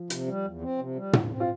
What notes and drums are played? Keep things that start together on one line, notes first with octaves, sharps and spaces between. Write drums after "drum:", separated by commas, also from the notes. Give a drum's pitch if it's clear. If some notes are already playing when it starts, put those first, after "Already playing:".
Already playing: F3
C3, drum: hi-hat
G3
E2
C4
C3
G3
E2, drum: tom
C4
F4